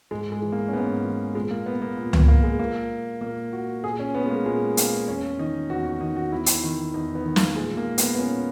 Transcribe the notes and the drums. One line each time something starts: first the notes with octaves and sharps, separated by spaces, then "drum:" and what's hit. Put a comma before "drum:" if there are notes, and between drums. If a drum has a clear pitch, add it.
G#2 G#3
G#3
E3
A#3
C#4
G#2 B3
E3
A#2 G#3
A#3
B3
A#3
A#2
B3, drum: tom C#2
A#3
G#3
A#2 A#3
A#2 A#3
F#4
A#2 G#4
C#4
B3
G#3
A#3
A#2 G#3
A#3, drum: hi-hat
E2 C#4
D#3 D#4
E2 F#4
F#4
D#3 D#4
F#4
E2 E4
drum: hi-hat
D#3
E2 D#4
B3
D#3
A#3, drum: snare
A#2 G#3
A#3
B3, drum: hi-hat
B3
A#2 C#4